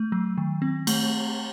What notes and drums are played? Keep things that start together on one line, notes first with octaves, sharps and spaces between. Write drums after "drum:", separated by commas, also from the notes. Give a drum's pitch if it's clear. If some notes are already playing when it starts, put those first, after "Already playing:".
Already playing: A3
F#3
D#3
C4
A3, drum: cymbal